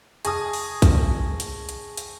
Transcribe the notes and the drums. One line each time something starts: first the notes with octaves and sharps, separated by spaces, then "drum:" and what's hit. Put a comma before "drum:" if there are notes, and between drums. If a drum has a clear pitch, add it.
G#4 A5 C#6 D#6 A#6, drum: hi-hat
drum: open hi-hat
drum: kick A#1, hi-hat
drum: hi-hat
drum: hi-hat
drum: hi-hat